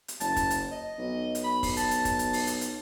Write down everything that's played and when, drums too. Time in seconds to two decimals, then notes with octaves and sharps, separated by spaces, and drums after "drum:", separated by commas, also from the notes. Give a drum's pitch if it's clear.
0.08 drum: hi-hat
0.20 F#1 A5, drum: hi-hat
0.36 drum: kick, hi-hat
0.50 drum: hi-hat
0.72 D#5
0.98 B1
1.35 drum: hi-hat
1.44 B5
1.63 drum: kick, open hi-hat
1.77 A5, drum: hi-hat
1.91 drum: hi-hat
2.05 drum: kick, hi-hat
2.19 drum: hi-hat
2.33 drum: open hi-hat
2.47 drum: hi-hat
2.61 drum: hi-hat